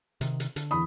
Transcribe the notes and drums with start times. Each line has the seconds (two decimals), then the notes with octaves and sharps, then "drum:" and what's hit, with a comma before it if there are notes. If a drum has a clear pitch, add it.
0.21 C3 D#3, drum: hi-hat
0.40 drum: hi-hat
0.56 D3, drum: hi-hat
0.71 E2 B5 D#6